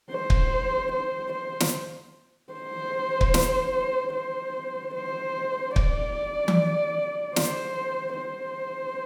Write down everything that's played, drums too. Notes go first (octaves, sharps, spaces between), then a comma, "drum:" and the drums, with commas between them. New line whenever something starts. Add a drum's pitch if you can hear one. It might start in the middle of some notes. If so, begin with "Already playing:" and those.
C5
drum: kick
C5
C5
drum: snare
C5
drum: kick
drum: snare
C5
C5
D5, drum: kick
drum: tom E3
C5, drum: snare
C5